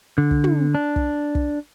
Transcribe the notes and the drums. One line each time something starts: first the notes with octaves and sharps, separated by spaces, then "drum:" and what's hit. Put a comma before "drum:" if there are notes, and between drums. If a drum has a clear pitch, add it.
D3
drum: kick
drum: tom
D4
drum: kick
drum: kick